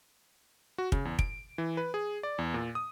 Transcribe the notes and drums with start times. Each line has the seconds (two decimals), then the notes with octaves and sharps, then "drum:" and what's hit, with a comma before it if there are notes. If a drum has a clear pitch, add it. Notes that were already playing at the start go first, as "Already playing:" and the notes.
0.78 F#4
0.92 C#3, drum: kick
1.05 E2
1.19 D7, drum: kick
1.58 E3
1.77 B4
1.94 G#4
2.23 D5
2.38 E2
2.54 A#2
2.75 D#6